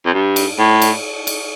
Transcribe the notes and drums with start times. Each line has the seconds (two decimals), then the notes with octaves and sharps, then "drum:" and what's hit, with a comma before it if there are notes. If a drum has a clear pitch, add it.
0.05 F2
0.14 G2
0.36 drum: cymbal
0.59 A2
0.82 drum: cymbal
1.27 drum: cymbal